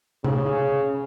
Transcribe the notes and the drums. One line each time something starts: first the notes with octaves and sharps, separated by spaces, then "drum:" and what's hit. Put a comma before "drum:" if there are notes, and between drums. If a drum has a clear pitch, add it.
C#3, drum: tom C3